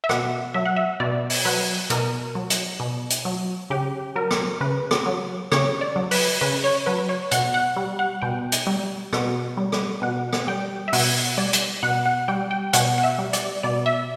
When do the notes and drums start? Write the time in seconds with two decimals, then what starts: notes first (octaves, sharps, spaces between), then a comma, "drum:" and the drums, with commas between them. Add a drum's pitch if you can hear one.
0.04 E5
0.09 B2 F#5, drum: rim click
0.54 F#3 E5
0.65 F#5
0.76 E5
1.00 B2 D5
1.30 drum: open hi-hat
1.45 F#3 B4
1.90 B2 A#4, drum: hi-hat
2.35 F#3
2.50 drum: hi-hat
2.80 B2
3.10 drum: hi-hat
3.25 F#3
3.70 C#3 G4
4.16 F#3 A#4
4.31 drum: rim click
4.61 C#3 B4
4.91 drum: rim click
5.06 F#3
5.52 C#3 C#5, drum: rim click
5.81 D5
5.96 F#3
6.11 B4, drum: open hi-hat
6.41 C#3 B4
6.64 C#5
6.86 F#3 B4
7.09 C#5
7.31 B2 F#5, drum: hi-hat
7.54 F#5
7.76 G3
7.99 F#5
8.22 B2 G5
8.52 drum: hi-hat
8.67 G3
9.13 B2, drum: rim click
9.57 G3
9.72 drum: rim click
10.02 B2 F#5
10.33 drum: rim click
10.47 G3 G5
10.88 E5
10.93 B2 F#5, drum: open hi-hat
11.37 G3 D5
11.53 drum: hi-hat
11.83 B2 F#5
12.06 F#5
12.28 G3 G5
12.51 G5
12.73 B2 F#5, drum: hi-hat
12.98 F#5
13.03 E5
13.18 G3
13.33 D5, drum: hi-hat
13.63 B2 D5
13.86 E5